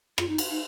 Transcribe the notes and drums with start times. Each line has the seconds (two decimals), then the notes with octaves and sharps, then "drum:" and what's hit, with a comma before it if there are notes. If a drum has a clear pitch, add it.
0.18 F4, drum: rim click
0.28 D#4
0.38 drum: cymbal
0.49 D#4